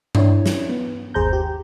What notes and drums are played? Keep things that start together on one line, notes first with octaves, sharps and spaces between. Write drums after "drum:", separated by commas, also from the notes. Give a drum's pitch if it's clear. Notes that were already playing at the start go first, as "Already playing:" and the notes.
D4 E4 C#5, drum: tom G2
drum: snare
B3
G1 D#2 G#4 C5 A#5 G6
G4